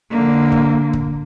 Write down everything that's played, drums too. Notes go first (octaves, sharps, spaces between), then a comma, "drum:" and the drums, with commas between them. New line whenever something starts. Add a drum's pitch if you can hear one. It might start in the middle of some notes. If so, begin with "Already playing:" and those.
D3 A#3
drum: kick
drum: kick